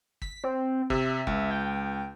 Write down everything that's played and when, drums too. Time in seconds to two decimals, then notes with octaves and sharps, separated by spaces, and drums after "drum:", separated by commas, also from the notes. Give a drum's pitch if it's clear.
0.22 B6, drum: kick
0.44 C4
0.90 C3 E5, drum: kick
1.27 C#2, drum: kick
1.51 G5